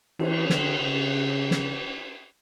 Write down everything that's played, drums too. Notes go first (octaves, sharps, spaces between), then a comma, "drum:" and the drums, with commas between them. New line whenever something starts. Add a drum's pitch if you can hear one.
E3, drum: cymbal
D3, drum: snare
C#3
drum: snare